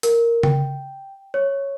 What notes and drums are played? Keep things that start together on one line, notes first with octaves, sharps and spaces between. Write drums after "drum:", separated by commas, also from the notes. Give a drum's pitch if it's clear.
A#4, drum: hi-hat
G5, drum: tom C#3
C#5